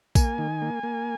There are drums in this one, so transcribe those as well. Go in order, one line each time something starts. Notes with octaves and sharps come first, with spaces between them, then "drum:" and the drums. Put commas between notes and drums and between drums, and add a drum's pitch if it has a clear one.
A#3 G#5, drum: kick A#1, tambourine
D#3
A#3
A#3